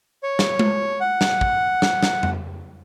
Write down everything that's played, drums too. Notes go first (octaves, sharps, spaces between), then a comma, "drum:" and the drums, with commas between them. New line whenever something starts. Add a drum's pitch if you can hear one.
C#5
drum: snare
drum: tom G#3
F#5
drum: snare
drum: kick
drum: snare
drum: snare
drum: tom F2